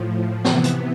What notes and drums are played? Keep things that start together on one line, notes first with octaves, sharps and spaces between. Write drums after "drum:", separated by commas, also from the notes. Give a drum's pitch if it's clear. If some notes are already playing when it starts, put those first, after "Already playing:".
Already playing: A2 F3
C3 E3 B3, drum: snare
drum: hi-hat